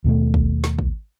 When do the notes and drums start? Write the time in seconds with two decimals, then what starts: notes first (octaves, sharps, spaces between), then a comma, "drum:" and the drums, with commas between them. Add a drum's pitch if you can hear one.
0.04 D#2 B2 A3
0.34 drum: kick
0.64 drum: snare
0.79 drum: kick